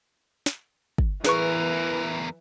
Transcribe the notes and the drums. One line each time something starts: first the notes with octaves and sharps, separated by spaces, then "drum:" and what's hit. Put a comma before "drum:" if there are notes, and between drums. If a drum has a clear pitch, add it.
drum: snare
drum: kick
E2 E3 G#4 A#4 B4 C#6, drum: snare